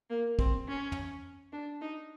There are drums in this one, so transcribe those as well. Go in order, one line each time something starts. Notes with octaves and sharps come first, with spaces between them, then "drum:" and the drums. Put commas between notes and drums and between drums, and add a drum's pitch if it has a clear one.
A#3
C4, drum: kick
C#4
drum: tom
D4
D#4